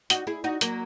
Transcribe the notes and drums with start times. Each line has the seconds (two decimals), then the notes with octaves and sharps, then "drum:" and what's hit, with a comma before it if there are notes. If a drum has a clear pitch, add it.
0.10 D#4 F#4, drum: hi-hat
0.27 E4 G#4
0.44 D#4 F#4
0.61 F#3 A#3, drum: hi-hat